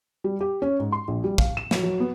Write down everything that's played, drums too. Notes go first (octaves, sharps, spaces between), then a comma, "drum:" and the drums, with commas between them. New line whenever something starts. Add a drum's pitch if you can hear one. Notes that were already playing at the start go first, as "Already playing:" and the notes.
G3
G4
C#4
G#2
C6
A#1
G3
F5, drum: kick
E7
F#3, drum: snare
F#3
B3